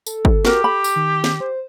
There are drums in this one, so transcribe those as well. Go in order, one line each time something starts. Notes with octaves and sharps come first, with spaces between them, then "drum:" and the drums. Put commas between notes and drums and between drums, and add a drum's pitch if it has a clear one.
A4, drum: tambourine
drum: kick
F#4 G4 A#4, drum: snare
B5
drum: tambourine
D#3
drum: snare
C5